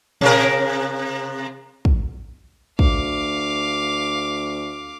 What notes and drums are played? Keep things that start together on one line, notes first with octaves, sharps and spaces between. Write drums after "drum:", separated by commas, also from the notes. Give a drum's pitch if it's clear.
C3 A#4, drum: tom A#2
drum: kick
D2 F5 D6, drum: kick